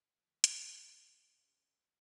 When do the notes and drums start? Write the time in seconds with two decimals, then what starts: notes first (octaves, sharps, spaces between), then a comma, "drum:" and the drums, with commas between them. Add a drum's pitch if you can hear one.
0.17 G#2 D3 F3 A3
0.44 A#3 B4 C5 A#5 F#6 G6, drum: hi-hat
0.72 G#3 C#4 D4 E6 A#6
0.87 A#3 F4 G#4 A4 B4 C#5
1.11 D#2 F#5
1.38 C#4 G4 C5 C#5 F5